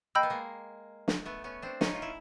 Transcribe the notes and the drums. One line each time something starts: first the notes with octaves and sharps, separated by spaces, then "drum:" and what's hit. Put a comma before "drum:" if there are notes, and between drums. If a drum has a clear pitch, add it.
A#3 D#5 G5 B5 E6 G6
B3
G#3 A#3
drum: snare
A3 B3
B3 C#4
C4 D4
C#4 D#4, drum: snare
F4
E4